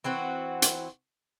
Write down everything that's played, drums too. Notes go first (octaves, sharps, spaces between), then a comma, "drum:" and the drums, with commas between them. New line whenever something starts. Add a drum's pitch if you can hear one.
E3 C4 F#4
drum: hi-hat